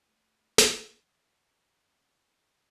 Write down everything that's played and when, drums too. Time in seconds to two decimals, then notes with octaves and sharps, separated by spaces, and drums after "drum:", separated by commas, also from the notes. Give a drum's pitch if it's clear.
0.06 A3 B4
0.58 drum: snare
0.91 E2 E4
1.32 C#4 F#4 A#4